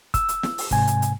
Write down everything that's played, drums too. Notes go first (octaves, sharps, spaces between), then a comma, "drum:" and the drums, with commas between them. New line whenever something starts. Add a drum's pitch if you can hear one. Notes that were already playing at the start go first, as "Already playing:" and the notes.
E6, drum: kick, hi-hat
drum: hi-hat
drum: snare
drum: open hi-hat
G#2 C3 G#5, drum: kick, hi-hat
drum: hi-hat
drum: hi-hat